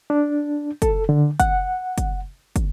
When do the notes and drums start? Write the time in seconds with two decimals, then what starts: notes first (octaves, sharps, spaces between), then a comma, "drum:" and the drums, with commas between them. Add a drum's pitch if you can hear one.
0.10 D4
0.82 A4, drum: kick, hi-hat
1.09 D3
1.40 F#5, drum: kick, hi-hat
1.98 drum: kick, hi-hat
2.56 drum: kick, hi-hat